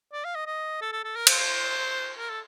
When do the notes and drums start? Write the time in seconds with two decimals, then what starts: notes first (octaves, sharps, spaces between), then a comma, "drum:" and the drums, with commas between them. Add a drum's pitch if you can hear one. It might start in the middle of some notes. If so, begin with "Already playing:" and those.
0.12 D5
0.24 F5
0.35 D#5
0.47 D#5
0.81 A4
0.92 A4
1.04 A4
1.16 A#4
1.27 C5, drum: cymbal
1.39 C5
2.19 A#4
2.30 A4